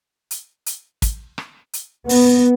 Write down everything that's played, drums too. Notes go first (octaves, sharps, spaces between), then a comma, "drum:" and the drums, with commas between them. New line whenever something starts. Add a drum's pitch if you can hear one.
drum: hi-hat
drum: hi-hat
drum: kick, hi-hat
drum: rim click
drum: hi-hat
B3, drum: open hi-hat